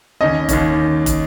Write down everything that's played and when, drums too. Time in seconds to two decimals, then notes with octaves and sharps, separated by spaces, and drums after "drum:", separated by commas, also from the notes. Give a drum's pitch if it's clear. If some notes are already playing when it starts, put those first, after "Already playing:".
0.21 D#2 D#3 C#4 D#5
0.49 D#2 D#3 C#4, drum: kick, hi-hat
1.06 drum: kick, hi-hat